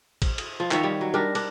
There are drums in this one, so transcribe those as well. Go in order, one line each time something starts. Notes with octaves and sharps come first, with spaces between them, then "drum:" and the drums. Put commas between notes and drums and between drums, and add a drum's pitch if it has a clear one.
drum: kick, cymbal
drum: cymbal
F3
D#3 F3 C#5 E5, drum: clap
G3
F#3
G3 D4 A#4
D4, drum: cymbal